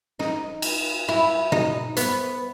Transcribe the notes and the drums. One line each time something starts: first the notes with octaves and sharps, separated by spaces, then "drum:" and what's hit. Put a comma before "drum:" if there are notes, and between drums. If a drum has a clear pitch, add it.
D#4, drum: snare
drum: cymbal
E4
D#4, drum: tom B2
B3, drum: hi-hat